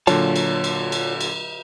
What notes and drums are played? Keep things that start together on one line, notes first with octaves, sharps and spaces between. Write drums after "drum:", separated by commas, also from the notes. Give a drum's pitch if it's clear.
A#2 D3 F#3 F4 C#5 A5, drum: cymbal
drum: cymbal
drum: cymbal
drum: cymbal
drum: cymbal